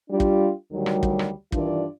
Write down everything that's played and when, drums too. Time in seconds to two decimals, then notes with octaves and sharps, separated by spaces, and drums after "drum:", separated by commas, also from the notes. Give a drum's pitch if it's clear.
0.10 G3 D4 F4
0.20 drum: kick
0.72 D2 D#3 F#3 G3
0.86 drum: rim click
1.03 drum: kick
1.19 drum: rim click
1.52 G2 D#3 E3 D4 F4 D5, drum: kick